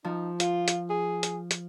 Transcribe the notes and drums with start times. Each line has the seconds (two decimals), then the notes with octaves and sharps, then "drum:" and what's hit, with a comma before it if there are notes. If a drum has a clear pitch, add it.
0.04 F3 D#4
0.40 F4, drum: hi-hat
0.68 drum: hi-hat
0.90 G#4
1.23 drum: hi-hat
1.51 drum: hi-hat